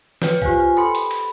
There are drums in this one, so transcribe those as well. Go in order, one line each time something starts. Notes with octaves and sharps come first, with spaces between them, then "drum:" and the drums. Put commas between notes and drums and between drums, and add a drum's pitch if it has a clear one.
B4 C#5 G5, drum: snare
F4 G4 C5 F5 G#5, drum: kick B1
A4 G5 B5 C6
drum: hi-hat
drum: cymbal